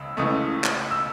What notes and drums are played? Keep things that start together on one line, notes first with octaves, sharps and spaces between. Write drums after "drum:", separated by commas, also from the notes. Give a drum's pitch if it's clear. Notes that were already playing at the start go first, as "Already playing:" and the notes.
Already playing: C#2 C#3 E6
C#2 C#3 E3 A3 D#6
drum: clap
E6